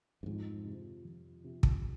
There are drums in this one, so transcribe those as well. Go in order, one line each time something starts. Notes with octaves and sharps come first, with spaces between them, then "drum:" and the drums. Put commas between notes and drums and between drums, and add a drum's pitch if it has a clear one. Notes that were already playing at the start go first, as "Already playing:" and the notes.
G2
F2 G#2
C3 F3
F2
C3 F3
drum: kick